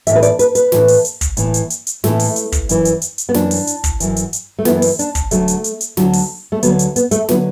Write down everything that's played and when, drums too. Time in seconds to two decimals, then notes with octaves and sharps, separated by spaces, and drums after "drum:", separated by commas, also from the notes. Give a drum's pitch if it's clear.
0.07 A2 E3 E5, drum: hi-hat
0.16 B4
0.23 D5, drum: hi-hat
0.39 B4, drum: hi-hat
0.55 B4, drum: hi-hat
0.72 A2 E3, drum: snare
0.88 drum: open hi-hat
1.05 drum: hi-hat
1.21 drum: kick, hi-hat
1.37 A2 E3, drum: hi-hat
1.54 drum: hi-hat
1.70 drum: hi-hat
1.87 drum: hi-hat
2.04 A2 E3 A3, drum: snare
2.20 drum: open hi-hat
2.36 drum: hi-hat
2.52 drum: kick, hi-hat
2.69 F#2 E3, drum: hi-hat
2.85 drum: hi-hat
3.02 drum: hi-hat
3.18 drum: hi-hat
3.29 B3
3.34 F#2 E3 D4, drum: snare
3.51 drum: open hi-hat
3.67 drum: hi-hat
3.84 drum: kick, hi-hat
4.00 F#2 E3, drum: hi-hat
4.16 drum: hi-hat
4.33 drum: hi-hat
4.59 A3
4.65 F#2 E3 B3, drum: snare
4.82 drum: open hi-hat
4.99 D4, drum: hi-hat
5.15 drum: kick, hi-hat
5.31 D2 D3 F#3 A3, drum: hi-hat
5.48 drum: hi-hat
5.64 drum: hi-hat
5.81 drum: hi-hat
5.97 D2 D3 F#3, drum: snare
6.13 drum: open hi-hat
6.52 A3
6.63 D2 D3 F#3 B3, drum: hi-hat
6.79 drum: hi-hat
6.96 B3, drum: hi-hat
7.11 A3, drum: hi-hat
7.28 D3 F#3 B3, drum: snare